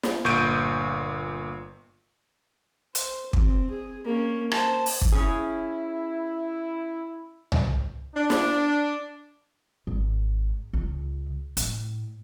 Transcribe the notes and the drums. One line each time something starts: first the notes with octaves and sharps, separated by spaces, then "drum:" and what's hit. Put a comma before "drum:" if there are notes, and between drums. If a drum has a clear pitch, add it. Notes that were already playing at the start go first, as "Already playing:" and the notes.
drum: snare
G1 A#2 C#6 G6 D7 D#7
C5, drum: hi-hat
C4, drum: kick
G#4
A#3 C#4
C5 A5, drum: rim click
drum: open hi-hat
drum: kick
C#4 E4 G#4
drum: tom C2
D4
drum: snare
G#1
C#2
A2, drum: hi-hat